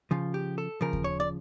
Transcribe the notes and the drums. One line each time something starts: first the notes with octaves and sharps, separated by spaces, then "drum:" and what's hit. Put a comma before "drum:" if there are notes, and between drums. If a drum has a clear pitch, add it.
C#3 F3 F4
G4
A4
C#3 F3 A#4
drum: kick D#2
C#5
D5